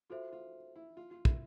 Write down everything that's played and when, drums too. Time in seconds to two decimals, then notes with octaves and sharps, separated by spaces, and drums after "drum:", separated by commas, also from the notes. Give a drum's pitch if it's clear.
0.10 F4 F#4 A4 C5 E5
0.32 F4
0.76 E4
0.97 F4
1.11 F4
1.25 E4, drum: kick